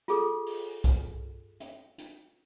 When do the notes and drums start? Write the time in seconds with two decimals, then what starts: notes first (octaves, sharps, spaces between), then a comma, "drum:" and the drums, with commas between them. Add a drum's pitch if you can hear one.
0.08 F4 G#4 A4, drum: hi-hat
0.46 drum: open hi-hat
0.84 drum: kick C2, hi-hat
1.60 drum: hi-hat
1.98 drum: hi-hat